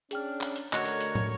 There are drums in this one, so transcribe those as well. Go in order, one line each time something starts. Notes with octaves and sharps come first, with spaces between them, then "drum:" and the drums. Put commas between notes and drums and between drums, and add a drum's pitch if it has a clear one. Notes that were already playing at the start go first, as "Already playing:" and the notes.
C#4 D4 G#4 G5 F6, drum: hi-hat
drum: clap
drum: hi-hat
D3 A3 F#4 A#4 C#5 D#5, drum: clap
drum: hi-hat
drum: hi-hat
drum: tom